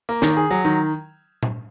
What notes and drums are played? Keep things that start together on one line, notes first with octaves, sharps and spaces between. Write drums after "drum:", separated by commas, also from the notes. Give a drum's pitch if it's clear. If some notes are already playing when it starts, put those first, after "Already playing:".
A#3
D#3, drum: snare
G#4
F#3
D#3
drum: tom A#2